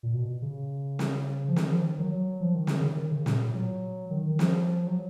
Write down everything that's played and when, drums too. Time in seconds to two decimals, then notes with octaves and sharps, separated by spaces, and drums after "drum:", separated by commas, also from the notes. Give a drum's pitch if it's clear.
0.03 A#2
0.14 B2
0.42 C#3
0.99 drum: snare
1.48 F3
1.56 D#3, drum: snare
1.71 F3
1.84 D#3
1.98 F#3
2.12 F#3
2.41 F3
2.55 D#3
2.67 C#3, drum: snare
2.81 D#3
2.98 D#3
3.11 C#3
3.26 A#2, drum: snare
3.55 F#3
4.10 D#3
4.30 D#3
4.39 F3, drum: snare
4.87 F#3